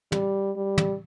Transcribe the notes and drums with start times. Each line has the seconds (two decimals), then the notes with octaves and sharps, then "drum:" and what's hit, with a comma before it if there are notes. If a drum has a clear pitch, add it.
0.12 G3, drum: tom
0.56 G3
0.78 drum: tom